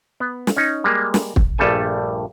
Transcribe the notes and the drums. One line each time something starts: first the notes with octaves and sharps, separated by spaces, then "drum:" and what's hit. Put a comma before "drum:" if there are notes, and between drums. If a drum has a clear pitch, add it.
B3
drum: snare
C#4 D#4
G3 G#3 A#3
drum: snare
drum: kick
A#1 G2 G3 A3 A4 G#5